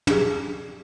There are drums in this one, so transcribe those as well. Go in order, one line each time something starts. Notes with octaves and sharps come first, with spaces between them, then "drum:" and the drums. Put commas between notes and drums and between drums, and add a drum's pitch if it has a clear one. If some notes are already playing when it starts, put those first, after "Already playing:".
G4 G#4 D5, drum: tom